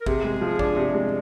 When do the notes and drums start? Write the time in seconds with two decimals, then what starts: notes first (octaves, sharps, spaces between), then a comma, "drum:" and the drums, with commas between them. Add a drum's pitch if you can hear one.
0.01 A#4
0.06 C3 G#4, drum: kick
0.24 G#3
0.41 F3
0.59 D4, drum: kick
0.76 C3
0.94 G#3